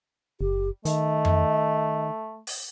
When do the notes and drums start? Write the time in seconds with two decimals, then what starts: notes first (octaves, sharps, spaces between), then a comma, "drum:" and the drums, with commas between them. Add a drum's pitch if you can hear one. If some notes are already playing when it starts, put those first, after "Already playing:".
0.41 F#1 G4
0.85 D#3 A3 D#5, drum: hi-hat
1.25 drum: tom F2
2.47 drum: open hi-hat